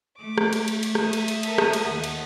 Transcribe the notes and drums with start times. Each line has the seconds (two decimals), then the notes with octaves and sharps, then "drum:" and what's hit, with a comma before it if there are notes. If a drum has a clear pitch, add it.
0.18 A3 D6
0.38 drum: rim click
0.53 drum: cymbal
0.68 drum: cymbal
0.83 drum: cymbal
0.95 E5 D#6, drum: rim click
1.13 drum: cymbal
1.28 drum: cymbal
1.43 A4 A#4, drum: cymbal
1.58 drum: rim click
1.73 drum: cymbal
1.84 D#2 F#5
2.04 drum: cymbal